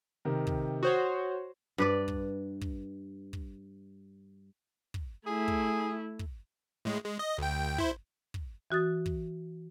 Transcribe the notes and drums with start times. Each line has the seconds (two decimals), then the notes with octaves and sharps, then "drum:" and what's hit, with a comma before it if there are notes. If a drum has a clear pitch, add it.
0.25 C3 D#3 A#4
0.47 drum: kick
0.83 F#4 C5 C#5 D#6
1.78 G2 B4 D5
2.08 drum: kick
2.62 drum: kick
3.33 drum: kick
4.94 drum: kick
5.26 A3 E4 G#4
5.48 drum: kick
6.19 drum: kick
6.85 A2 G#3
7.05 G#3
7.19 D#5
7.38 D2 G5
7.78 E4 C5, drum: kick
8.34 drum: kick
8.71 E3 F#4 D#6 A6
9.06 drum: kick